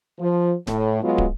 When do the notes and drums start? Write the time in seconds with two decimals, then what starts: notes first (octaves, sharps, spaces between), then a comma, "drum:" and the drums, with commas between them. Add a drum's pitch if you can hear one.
0.19 F3
0.67 A2, drum: snare D1
1.03 F#3 G#3 B3 F4
1.18 drum: kick